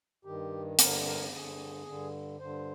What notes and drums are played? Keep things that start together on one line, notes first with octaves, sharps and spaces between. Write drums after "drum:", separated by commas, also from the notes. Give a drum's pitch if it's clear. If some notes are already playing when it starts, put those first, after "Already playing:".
G2 D#3 G4
G2 D3 A#4, drum: hi-hat
A#4
G2 D3 G#4
G2 D3
G2 D3 C5